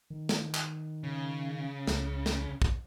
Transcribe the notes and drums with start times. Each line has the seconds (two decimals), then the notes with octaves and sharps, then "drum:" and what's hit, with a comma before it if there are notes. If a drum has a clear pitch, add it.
0.10 D#3
0.29 drum: snare
0.54 drum: clap
1.03 C#3
1.87 C#2, drum: snare
2.26 drum: snare
2.62 drum: kick